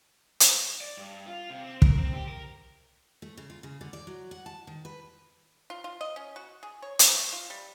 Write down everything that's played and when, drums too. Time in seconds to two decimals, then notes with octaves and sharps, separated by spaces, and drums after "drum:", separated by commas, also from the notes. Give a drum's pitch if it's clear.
0.40 drum: hi-hat
0.81 D5
0.97 G2
1.27 F4
1.50 C3
1.64 C4
1.82 A#4, drum: kick
1.97 C4
2.14 G4
2.28 A#4
3.22 A3
3.37 C#3
3.50 F4
3.63 C#3
3.81 D3
3.93 D5
4.07 F#3
4.31 F#5
4.46 A5
4.67 D#3
4.85 B4
5.70 F4
5.84 F4
6.01 D#5
6.16 C#4
6.36 F#4
6.63 G#4
6.82 C#5
6.99 G4, drum: hi-hat
7.15 A3
7.33 F4
7.50 G3